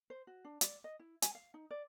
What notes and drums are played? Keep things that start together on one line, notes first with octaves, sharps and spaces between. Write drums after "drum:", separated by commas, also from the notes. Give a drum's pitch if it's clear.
C5
F#4
D4
D5, drum: hi-hat
D#5
E4
G#5, drum: hi-hat
F5
D#4
D5